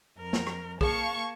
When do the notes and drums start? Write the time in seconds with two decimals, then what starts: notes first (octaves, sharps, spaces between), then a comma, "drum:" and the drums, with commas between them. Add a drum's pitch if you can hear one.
0.16 F2 A#4 F6
0.33 drum: snare
0.47 drum: rim click
0.81 A#3 G#4 F5 A5 C#6 G#6, drum: kick B1